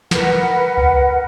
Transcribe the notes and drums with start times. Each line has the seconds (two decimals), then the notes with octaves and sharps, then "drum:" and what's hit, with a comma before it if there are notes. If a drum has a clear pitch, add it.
0.11 A#4 B4 F#5, drum: snare
0.77 drum: kick C#2